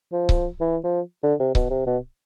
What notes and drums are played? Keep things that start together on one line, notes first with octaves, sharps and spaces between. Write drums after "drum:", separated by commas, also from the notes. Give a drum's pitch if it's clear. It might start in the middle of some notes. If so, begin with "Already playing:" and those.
F3
drum: kick C#1
E3
F3
D3
C3
B2, drum: kick C#1
C3
B2